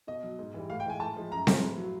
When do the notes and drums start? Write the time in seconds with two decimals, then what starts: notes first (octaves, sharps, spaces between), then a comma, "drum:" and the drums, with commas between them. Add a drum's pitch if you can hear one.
0.07 B2 D#5
0.23 F#3
0.39 G#2
0.54 E3 G3
0.70 A2 F5
0.80 G5
0.86 E3 G#3 G#5
1.00 A2 A5
1.16 F3 G#3
1.31 F#2 A#5
1.47 D3 F3 G#3, drum: snare C4
1.63 A2
1.78 F#3